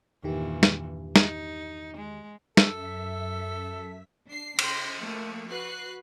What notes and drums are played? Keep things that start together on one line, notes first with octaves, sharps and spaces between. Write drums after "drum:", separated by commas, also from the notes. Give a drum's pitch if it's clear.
E2 G2 A#2 D#3 E3 G4
drum: snare
D#4, drum: snare
G#3
F#2 A4 E5 B6, drum: snare
D4 C7
C#3 G5 C6 A#6 B6, drum: cymbal
F3 A3 A#3
F#4 B4 F#6 C7